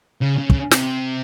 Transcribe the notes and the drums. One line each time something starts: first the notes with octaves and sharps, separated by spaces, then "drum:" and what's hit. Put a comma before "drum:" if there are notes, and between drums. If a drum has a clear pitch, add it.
C#3
C#3
drum: kick
C3, drum: snare